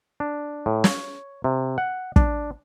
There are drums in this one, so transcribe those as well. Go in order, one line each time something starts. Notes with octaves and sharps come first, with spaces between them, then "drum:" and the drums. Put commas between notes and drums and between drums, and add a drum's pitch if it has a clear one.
D4
A2
C#5, drum: snare
C3
F#5
D4, drum: kick